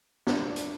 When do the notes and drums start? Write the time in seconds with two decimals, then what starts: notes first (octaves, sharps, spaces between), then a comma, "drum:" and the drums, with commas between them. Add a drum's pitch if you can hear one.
0.27 D4, drum: snare
0.56 drum: hi-hat